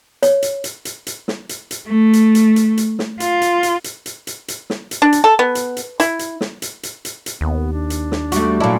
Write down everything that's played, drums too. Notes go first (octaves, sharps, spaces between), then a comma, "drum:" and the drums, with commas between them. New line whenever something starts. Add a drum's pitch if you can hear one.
C#5, drum: hi-hat
drum: hi-hat
drum: hi-hat
drum: hi-hat
drum: hi-hat
drum: snare
drum: hi-hat
drum: hi-hat
A3
drum: hi-hat
drum: hi-hat
drum: hi-hat
drum: hi-hat
drum: snare
F4, drum: hi-hat
drum: hi-hat
drum: hi-hat
drum: hi-hat
drum: hi-hat
drum: hi-hat
drum: hi-hat
drum: snare
drum: hi-hat
D4
drum: hi-hat
A4
B3
drum: hi-hat
drum: hi-hat
E4, drum: hi-hat
drum: hi-hat
drum: snare
drum: hi-hat
drum: hi-hat
drum: hi-hat
drum: hi-hat
D#2 B3
D4
drum: hi-hat
drum: snare
G3 A3 F#4, drum: hi-hat
A#2 F#3 D4 E4